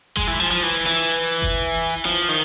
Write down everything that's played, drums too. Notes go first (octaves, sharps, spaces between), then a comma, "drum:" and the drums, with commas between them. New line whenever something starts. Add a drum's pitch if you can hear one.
G#3, drum: kick F#1, hi-hat
E3
F3
F3
E3, drum: hi-hat
E3
drum: hi-hat
drum: hi-hat
drum: kick F#1, hi-hat
drum: hi-hat
drum: hi-hat
drum: hi-hat
F3
D#3